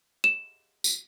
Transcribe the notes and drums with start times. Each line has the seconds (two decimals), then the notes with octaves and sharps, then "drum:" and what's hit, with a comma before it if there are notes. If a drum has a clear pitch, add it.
0.24 E7
0.84 drum: tambourine